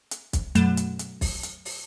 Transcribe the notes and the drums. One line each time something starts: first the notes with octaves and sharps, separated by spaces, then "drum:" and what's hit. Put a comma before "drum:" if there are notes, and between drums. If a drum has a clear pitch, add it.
drum: hi-hat
drum: kick, hi-hat
F#2 B2 F#3 A3 E7, drum: hi-hat
drum: hi-hat
drum: hi-hat
drum: kick, open hi-hat
drum: hi-hat
drum: open hi-hat